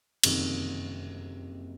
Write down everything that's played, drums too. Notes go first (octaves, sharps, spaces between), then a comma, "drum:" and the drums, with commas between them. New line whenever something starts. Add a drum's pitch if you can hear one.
F#1 F2 C3 D#3, drum: cymbal